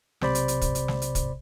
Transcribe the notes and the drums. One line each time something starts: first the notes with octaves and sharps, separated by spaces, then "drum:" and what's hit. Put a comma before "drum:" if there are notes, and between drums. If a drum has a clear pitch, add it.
B1 C3 C5 D5 B5, drum: snare
drum: hi-hat
drum: hi-hat
drum: kick, hi-hat
drum: hi-hat
drum: snare
drum: hi-hat
drum: kick, hi-hat